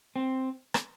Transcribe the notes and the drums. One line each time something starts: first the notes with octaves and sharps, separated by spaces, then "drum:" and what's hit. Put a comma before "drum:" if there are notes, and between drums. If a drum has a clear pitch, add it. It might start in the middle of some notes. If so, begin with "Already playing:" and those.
C4
drum: rim click